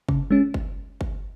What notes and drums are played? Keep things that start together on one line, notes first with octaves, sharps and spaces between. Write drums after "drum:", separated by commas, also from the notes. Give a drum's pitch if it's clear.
C#3, drum: kick G1
G#3 C#4
drum: kick G1
drum: kick G1